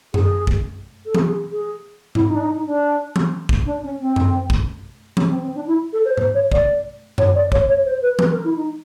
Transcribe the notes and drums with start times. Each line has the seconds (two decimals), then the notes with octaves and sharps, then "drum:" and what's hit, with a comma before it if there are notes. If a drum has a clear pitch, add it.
0.14 G#4, drum: tom F#2
0.47 drum: kick
1.05 A4
1.15 G#4, drum: tom E3
1.27 G#4
1.52 G#4
2.15 E4, drum: tom G#2
2.28 D#4
2.35 D4
2.40 D#4
2.52 D#4
2.66 D4
3.16 drum: tom E3
3.49 drum: kick
3.65 D4
3.83 C#4
4.00 C4
4.16 drum: tom F#2
4.50 drum: kick
5.17 C#4, drum: tom E3
5.29 C4
5.42 C4
5.55 D4
5.67 E4
5.93 A4
6.05 C5
6.17 C5, drum: tom G#2
6.34 C#5
6.52 D5, drum: kick
7.18 C#5, drum: tom F#2
7.35 D5
7.52 C#5, drum: kick
7.68 C#5
7.85 C5
8.02 B4
8.19 B4, drum: tom E3
8.32 A#4
8.44 E4
8.56 D#4